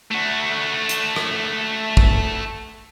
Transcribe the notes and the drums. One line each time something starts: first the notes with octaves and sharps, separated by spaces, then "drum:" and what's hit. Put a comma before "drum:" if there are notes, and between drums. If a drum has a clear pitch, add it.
A3 F#4
drum: hi-hat
drum: rim click
drum: kick